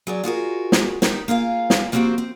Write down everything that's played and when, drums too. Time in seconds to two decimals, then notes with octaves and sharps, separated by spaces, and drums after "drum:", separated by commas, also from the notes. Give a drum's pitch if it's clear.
0.07 F#3 G#4 D5
0.24 F4 F#4 G#4 A#4
0.72 drum: snare
1.02 D#4 G4 A#4, drum: snare
1.28 A#3 F4 G#4 F5
1.70 drum: snare
1.92 F3 A#3 C4 F#4 G4 C5
2.18 C4